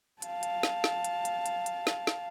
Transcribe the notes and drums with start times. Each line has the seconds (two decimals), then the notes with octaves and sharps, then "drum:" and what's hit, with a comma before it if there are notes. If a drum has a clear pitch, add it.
0.22 F5 A5, drum: hi-hat
0.43 drum: hi-hat
0.63 drum: snare
0.84 drum: snare
1.04 drum: hi-hat
1.25 drum: hi-hat
1.46 drum: hi-hat
1.66 drum: hi-hat
1.87 drum: snare
2.07 drum: snare